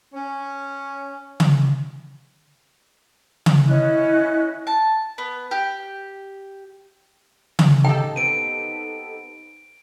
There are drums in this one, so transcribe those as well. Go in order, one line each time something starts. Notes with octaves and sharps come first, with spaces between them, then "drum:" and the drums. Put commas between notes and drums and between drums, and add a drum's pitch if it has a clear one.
C#4
drum: tom C#3
drum: tom C#3
C#4 E4 D#5 F#6
A5
B3
G4
drum: tom C#3
A2 C#3 D#4 G4 A4 G5
B3 C4 B4 D7 D#7